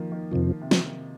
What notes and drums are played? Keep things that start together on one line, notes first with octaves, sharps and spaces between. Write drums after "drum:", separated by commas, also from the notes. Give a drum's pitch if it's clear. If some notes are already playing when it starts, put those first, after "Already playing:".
Already playing: D#3 F3 A#3
D#3
F2 C3 D#3 F3
C3
drum: snare